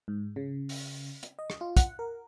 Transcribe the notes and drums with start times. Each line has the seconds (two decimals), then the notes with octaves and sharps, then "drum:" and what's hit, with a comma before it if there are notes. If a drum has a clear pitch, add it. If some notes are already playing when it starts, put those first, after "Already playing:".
0.08 G#2
0.36 C#3
0.69 drum: open hi-hat
1.23 drum: hi-hat
1.39 D#5
1.50 drum: rim click
1.61 F4
1.77 F#5, drum: kick, hi-hat
1.99 A#4